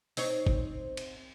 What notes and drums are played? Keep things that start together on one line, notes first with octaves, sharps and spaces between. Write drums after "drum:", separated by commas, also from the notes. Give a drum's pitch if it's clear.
C4 D#4 C#5, drum: open hi-hat
drum: kick
drum: cymbal